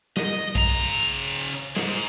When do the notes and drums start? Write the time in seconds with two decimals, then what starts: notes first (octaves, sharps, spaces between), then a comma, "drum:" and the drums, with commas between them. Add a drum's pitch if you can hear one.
0.17 D#5, drum: snare
0.55 C#3 A#5, drum: kick
1.76 G#2, drum: snare